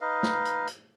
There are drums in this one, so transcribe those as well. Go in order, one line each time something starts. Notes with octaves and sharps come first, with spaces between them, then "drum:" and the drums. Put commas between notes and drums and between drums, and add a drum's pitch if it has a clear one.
D#4 B4 D#5 F5
drum: snare
drum: hi-hat
drum: hi-hat